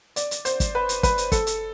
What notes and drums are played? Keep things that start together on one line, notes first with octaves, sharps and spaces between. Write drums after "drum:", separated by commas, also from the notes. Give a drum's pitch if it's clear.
D5, drum: hi-hat
drum: hi-hat
C5, drum: hi-hat
drum: kick, hi-hat
B4
drum: hi-hat
B4, drum: kick, hi-hat
drum: hi-hat
A4, drum: kick, hi-hat
drum: hi-hat